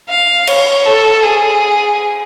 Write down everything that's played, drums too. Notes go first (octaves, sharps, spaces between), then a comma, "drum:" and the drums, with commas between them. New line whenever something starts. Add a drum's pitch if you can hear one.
F5
C#5, drum: cymbal
A4
G#4